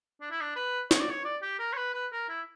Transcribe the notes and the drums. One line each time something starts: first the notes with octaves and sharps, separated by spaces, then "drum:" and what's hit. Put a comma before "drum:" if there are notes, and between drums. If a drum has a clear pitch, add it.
D4
E4
D4
B4
C#5, drum: snare
D5
C#5
D5
G4
A#4
C#5
B4
B4
A#4
E4